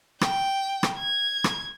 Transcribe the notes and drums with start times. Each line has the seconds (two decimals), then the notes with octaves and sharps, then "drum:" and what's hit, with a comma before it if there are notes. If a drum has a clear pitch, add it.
0.21 G5, drum: rim click
0.83 drum: rim click
0.98 G#6
1.44 drum: rim click